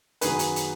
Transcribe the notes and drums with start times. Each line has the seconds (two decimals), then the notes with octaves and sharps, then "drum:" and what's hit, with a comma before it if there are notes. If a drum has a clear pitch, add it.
0.21 F#2 D#3 F#3 B3 G#4 B4, drum: hi-hat
0.39 drum: hi-hat
0.56 drum: hi-hat